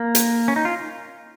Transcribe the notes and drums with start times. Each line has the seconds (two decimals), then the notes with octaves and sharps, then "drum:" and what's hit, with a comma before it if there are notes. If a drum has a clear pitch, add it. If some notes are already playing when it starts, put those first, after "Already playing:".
Already playing: A#3
0.15 drum: hi-hat
0.48 C#4
0.56 D#4
0.65 F4